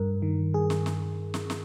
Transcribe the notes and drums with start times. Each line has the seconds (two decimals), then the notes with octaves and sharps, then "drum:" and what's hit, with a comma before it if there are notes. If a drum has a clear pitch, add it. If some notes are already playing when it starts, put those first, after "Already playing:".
Already playing: G2 A#4
0.22 D#3
0.54 G2 G#4
0.70 drum: snare
0.86 drum: snare
1.34 drum: snare
1.50 drum: snare